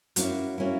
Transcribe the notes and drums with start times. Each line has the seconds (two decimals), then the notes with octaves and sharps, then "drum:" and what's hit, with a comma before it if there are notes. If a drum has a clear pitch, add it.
0.16 F#3 A#3 C#4 E4, drum: hi-hat
0.58 F#3 A#3 C#4 E4